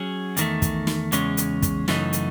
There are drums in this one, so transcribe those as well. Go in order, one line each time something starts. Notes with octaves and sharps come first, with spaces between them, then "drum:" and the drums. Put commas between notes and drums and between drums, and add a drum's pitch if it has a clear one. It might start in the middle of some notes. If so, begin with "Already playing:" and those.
Already playing: F#3 C#4 G#4
E2 D#3 A3, drum: hi-hat
drum: kick, hi-hat
drum: snare
E2 C#3 G#3 C#4, drum: hi-hat
drum: hi-hat
drum: kick, hi-hat
F#2 C#3 E3 A3 D#4, drum: snare
drum: hi-hat